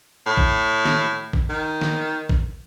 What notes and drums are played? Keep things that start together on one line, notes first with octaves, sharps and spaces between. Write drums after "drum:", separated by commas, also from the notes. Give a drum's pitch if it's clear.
A2
drum: kick G#1
drum: snare
drum: kick G#1
D#3
drum: snare
drum: kick G#1